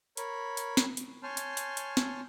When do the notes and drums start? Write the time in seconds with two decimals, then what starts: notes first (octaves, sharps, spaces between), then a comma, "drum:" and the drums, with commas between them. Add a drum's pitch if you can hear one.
0.17 A#4 C#5 B5, drum: hi-hat
0.57 drum: hi-hat
0.77 drum: snare
0.97 drum: hi-hat
1.23 C#5 G#5 A5 C6 F6 G6
1.37 drum: hi-hat
1.57 drum: hi-hat
1.77 drum: hi-hat
1.97 drum: snare